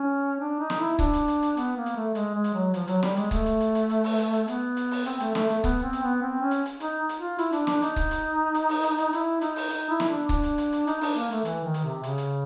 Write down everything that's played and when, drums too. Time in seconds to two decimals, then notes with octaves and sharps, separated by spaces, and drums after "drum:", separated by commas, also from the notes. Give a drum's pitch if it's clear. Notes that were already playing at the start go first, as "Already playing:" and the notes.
Already playing: C#4
0.40 D4
0.60 D#4
0.70 drum: snare
0.79 E4
0.99 D4, drum: kick C#1, hi-hat
1.13 drum: hi-hat
1.28 drum: hi-hat
1.42 drum: hi-hat
1.57 B3, drum: hi-hat
1.77 A#3
1.86 drum: hi-hat
1.96 A3
2.15 G#3, drum: hi-hat
2.34 G#3
2.44 drum: hi-hat
2.54 F#3
2.74 F3, drum: hi-hat
2.87 F#3, drum: hi-hat
3.03 G3, drum: snare
3.17 G#3, drum: hi-hat
3.31 A3, drum: kick C#1, hi-hat
3.46 drum: hi-hat
3.60 drum: hi-hat
3.75 drum: hi-hat
3.89 drum: hi-hat
4.04 drum: open hi-hat
4.19 drum: hi-hat
4.33 drum: hi-hat
4.48 B3, drum: hi-hat
4.77 drum: hi-hat
4.91 drum: open hi-hat
5.06 C4, drum: hi-hat
5.20 A3, drum: hi-hat
5.35 A3, drum: snare
5.49 A3, drum: hi-hat
5.64 B3, drum: kick C#1, hi-hat
5.83 C4
5.93 drum: hi-hat
6.03 B3
6.22 C4
6.42 C#4
6.51 drum: hi-hat
6.66 drum: hi-hat
6.80 D#4, drum: hi-hat
7.09 drum: hi-hat
7.19 F4
7.38 E4, drum: hi-hat
7.52 D4, drum: hi-hat
7.67 D4, drum: snare
7.82 D#4, drum: hi-hat
7.96 drum: kick C#1, hi-hat
8.11 drum: hi-hat
8.54 drum: hi-hat
8.69 drum: open hi-hat
8.84 drum: hi-hat
8.98 drum: hi-hat
9.13 E4, drum: hi-hat
9.41 D#4, drum: hi-hat
9.56 drum: open hi-hat
9.70 D#4, drum: hi-hat
9.90 E4
10.00 drum: snare
10.09 D4
10.29 D4, drum: kick C#1, hi-hat
10.43 drum: hi-hat
10.58 drum: hi-hat
10.72 drum: hi-hat
10.87 D#4, drum: hi-hat
11.01 D4, drum: open hi-hat
11.16 A#3, drum: hi-hat
11.31 A3, drum: hi-hat
11.45 E3, drum: hi-hat
11.65 D#3
11.74 drum: hi-hat
11.84 C3
12.03 C#3, drum: hi-hat
12.18 drum: hi-hat